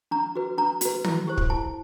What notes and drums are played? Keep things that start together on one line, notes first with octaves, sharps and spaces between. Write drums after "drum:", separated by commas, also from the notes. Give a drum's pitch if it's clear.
D4 A#5
F#4 B4
D4 A#5
F#4 B4, drum: hi-hat
E4, drum: tom
G4 C5
drum: kick
E4 A5